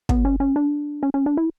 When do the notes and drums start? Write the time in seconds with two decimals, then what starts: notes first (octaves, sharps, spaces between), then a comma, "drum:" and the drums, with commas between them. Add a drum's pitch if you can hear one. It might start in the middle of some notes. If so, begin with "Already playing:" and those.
0.09 B3, drum: kick
0.25 C#4
0.40 C#4
0.56 D4
1.03 C#4
1.14 C#4
1.26 D4
1.37 E4